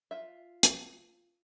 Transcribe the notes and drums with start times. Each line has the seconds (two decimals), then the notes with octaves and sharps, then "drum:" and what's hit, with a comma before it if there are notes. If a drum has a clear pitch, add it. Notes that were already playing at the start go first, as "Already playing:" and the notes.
0.11 F4 E5
0.63 drum: hi-hat